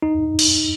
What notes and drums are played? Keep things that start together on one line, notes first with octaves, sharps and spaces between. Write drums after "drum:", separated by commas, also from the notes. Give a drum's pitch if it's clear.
D#4
drum: cymbal